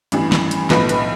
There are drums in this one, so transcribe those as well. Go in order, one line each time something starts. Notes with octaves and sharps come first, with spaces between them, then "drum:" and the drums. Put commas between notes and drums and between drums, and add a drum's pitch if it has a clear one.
A1 G2 E3 G3, drum: hi-hat
drum: snare
drum: hi-hat
B1 A2 F3 B4, drum: snare
B4, drum: hi-hat